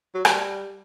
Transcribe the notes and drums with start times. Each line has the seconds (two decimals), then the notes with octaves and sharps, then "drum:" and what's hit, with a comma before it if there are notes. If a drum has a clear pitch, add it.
0.14 F#3
0.25 G3, drum: rim click